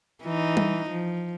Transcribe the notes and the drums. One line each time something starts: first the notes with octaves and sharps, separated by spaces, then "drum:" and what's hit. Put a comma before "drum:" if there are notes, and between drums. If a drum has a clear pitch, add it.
E3 D#4
drum: tom G3
F3